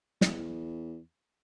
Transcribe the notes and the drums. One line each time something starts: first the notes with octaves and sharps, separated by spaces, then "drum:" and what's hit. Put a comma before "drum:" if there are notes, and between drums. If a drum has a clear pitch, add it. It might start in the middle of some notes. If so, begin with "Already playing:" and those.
E2, drum: snare